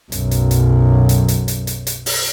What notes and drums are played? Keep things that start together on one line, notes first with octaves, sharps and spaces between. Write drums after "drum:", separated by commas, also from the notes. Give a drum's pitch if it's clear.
B1 F#2, drum: hi-hat
drum: hi-hat
drum: hi-hat
drum: hi-hat
drum: hi-hat
drum: hi-hat
drum: hi-hat
drum: hi-hat
drum: open hi-hat